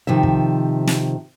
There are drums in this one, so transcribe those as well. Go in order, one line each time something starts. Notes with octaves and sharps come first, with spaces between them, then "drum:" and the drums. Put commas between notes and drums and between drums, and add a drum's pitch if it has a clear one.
C3 D#3 F3 E5
drum: kick
drum: snare